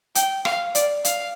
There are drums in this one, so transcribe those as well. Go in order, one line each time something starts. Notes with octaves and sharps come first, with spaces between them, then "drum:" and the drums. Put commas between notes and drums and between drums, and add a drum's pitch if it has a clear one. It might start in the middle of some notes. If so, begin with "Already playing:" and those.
G5, drum: hi-hat
F5, drum: rim click
D5, drum: hi-hat
F5, drum: hi-hat